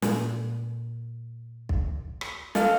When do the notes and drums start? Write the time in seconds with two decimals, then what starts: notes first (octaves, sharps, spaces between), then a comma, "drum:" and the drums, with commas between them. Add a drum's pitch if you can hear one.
0.02 A#2, drum: snare
1.69 drum: kick
2.21 drum: rim click
2.55 A4 D#5 F5, drum: snare